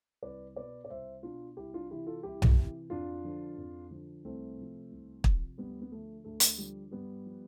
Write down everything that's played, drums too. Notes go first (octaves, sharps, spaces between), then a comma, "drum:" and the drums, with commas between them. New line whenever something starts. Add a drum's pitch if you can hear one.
C2 B4 D5
B2 B4 D5
D5
C2 C5 E5
B2 D4 F4
C2 E4 G4
D4 F4
C3 E3 E4 G4
F4 A4
C2 E4 G4
drum: tom B1
C3 E3
F2 D4 F4
D3 F3
F2
D3 F3
C2 A3 C4
C3 F3
C2
C3 F3, drum: kick
D2 G3 B3
B3
D3 F3 A3
D2 A3
drum: hi-hat
D3 F3 G3
G2 G3 B3
F3